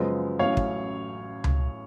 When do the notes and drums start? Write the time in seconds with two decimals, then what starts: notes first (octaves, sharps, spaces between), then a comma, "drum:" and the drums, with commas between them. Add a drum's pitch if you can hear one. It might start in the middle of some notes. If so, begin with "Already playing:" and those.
Already playing: F#2 C#3 F3 G#3 B3
0.39 A1 A2 F#3 C#4 C#5 F5
0.57 drum: kick
1.44 drum: tom C#2